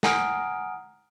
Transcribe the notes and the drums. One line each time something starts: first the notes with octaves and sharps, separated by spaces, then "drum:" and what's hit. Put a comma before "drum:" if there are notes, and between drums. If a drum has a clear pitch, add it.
F#5 G#5 A#5 D#6 F6 D7, drum: snare